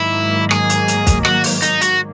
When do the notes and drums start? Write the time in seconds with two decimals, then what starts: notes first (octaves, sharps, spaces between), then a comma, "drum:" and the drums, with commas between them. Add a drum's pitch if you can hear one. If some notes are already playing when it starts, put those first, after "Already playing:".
Already playing: G#2 D#3 F#3 A#3 E4
0.51 G#4, drum: rim click
0.70 drum: hi-hat
0.88 drum: hi-hat
1.07 drum: kick, hi-hat
1.25 F#4, drum: rim click
1.44 drum: open hi-hat
1.62 D#4, drum: hi-hat
1.81 F#4, drum: hi-hat